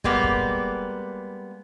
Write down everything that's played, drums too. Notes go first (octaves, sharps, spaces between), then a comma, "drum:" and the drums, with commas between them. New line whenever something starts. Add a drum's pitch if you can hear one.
G3 G#3 A#3 B3, drum: kick
drum: kick